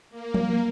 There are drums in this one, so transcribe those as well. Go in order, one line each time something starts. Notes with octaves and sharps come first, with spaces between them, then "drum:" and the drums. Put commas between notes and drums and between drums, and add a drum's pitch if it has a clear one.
A#3
drum: tom F3